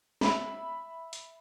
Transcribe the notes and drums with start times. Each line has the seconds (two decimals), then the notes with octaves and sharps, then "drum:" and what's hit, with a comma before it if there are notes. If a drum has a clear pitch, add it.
0.21 E5 B5, drum: snare
1.13 drum: hi-hat